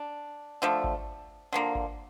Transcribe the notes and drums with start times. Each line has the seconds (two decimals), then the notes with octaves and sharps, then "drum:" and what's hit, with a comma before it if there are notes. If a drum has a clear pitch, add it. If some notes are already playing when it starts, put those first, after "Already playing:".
Already playing: D4
0.62 D3 F3 A3
0.84 drum: kick G#1
1.53 D3 F3 A#3
1.75 drum: kick G#1